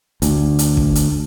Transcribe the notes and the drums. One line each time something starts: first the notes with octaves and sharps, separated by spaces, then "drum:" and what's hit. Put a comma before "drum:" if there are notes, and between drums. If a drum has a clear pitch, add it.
D2, drum: hi-hat
drum: hi-hat
drum: kick
drum: hi-hat